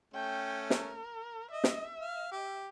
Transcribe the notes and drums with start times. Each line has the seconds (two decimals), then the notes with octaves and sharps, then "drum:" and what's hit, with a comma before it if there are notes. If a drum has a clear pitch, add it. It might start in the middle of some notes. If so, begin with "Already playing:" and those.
0.14 A3 C#4 G5
0.70 A#4, drum: snare
1.51 D#5 E5
1.64 drum: snare
2.01 F5
2.32 G4